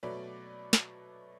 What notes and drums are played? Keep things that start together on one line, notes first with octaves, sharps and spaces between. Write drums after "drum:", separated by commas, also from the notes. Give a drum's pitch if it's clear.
B2 F#3 A3 B4 D5
drum: snare